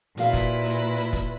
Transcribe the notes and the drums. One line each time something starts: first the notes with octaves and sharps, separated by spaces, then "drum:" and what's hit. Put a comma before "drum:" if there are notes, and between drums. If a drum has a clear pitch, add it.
A#2 E4 F#4 A#4 B4 F5, drum: hi-hat
drum: kick, hi-hat
drum: hi-hat
drum: hi-hat
drum: kick, hi-hat